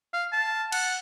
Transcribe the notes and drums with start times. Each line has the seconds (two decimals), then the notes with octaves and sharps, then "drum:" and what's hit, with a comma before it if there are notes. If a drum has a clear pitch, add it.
0.13 F5
0.32 A5
0.72 F#5, drum: cymbal